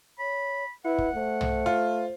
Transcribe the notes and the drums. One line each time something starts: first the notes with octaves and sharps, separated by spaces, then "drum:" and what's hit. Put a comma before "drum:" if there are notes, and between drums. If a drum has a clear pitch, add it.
C#5 B5
E4 B4 F#5
drum: kick
A3 C5
drum: tom
F4